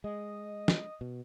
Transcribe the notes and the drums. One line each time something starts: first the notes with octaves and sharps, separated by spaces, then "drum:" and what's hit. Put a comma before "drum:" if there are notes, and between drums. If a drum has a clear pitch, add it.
G#3 D#5
drum: snare
B2